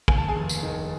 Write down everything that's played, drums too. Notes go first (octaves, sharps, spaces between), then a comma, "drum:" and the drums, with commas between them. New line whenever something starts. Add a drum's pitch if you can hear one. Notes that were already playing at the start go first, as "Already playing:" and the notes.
D#2 G#5, drum: kick
A5
G#4 G#5
F1
drum: tambourine
D#3